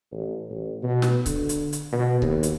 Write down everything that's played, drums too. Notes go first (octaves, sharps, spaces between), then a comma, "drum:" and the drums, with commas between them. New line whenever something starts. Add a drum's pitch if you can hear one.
A1
A1
B2
drum: snare
D3, drum: kick C#1, hi-hat
drum: hi-hat
drum: hi-hat
B2
D#2, drum: kick C#1
drum: hi-hat